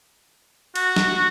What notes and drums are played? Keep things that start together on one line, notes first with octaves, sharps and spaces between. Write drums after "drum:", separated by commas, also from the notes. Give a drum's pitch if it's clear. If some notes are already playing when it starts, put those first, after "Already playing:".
F#4, drum: cymbal
drum: snare